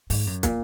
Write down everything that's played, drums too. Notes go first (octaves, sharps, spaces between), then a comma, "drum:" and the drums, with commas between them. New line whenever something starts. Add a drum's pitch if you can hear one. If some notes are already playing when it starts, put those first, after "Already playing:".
G#2, drum: open hi-hat
F#2
A#2, drum: kick, hi-hat